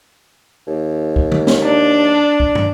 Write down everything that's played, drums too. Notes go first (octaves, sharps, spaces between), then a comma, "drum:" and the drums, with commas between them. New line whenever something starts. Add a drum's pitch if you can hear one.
D#2
drum: kick
drum: tom D3
drum: snare
D4 D5
drum: kick
drum: tom